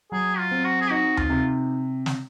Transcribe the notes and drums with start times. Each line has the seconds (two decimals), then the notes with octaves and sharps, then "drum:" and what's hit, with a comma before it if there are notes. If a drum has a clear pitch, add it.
0.12 F#3 G#4
0.38 F4
0.51 C4
0.64 F#4
0.81 G#4
0.90 D#4 F#4
1.17 F4, drum: tom D2
1.30 C3
2.06 drum: snare